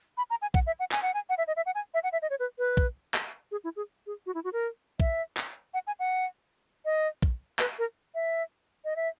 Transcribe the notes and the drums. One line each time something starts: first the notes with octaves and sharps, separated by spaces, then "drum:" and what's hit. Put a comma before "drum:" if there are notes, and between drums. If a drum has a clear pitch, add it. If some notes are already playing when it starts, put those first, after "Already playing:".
B5
A#5
G#5
F#5, drum: kick
E5
F#5
G#5, drum: clap
F#5
G#5
F#5
E5
D#5
E5
F#5
G#5
E5
F#5
E5
D#5
C#5
B4
B4
drum: kick
drum: clap
G#4
E4
G#4
G#4
F#4
E4
F#4
A#4
E5, drum: kick
drum: clap
F#5
G#5
F#5
D#5
drum: kick
B4, drum: clap
A#4
E5
D#5
E5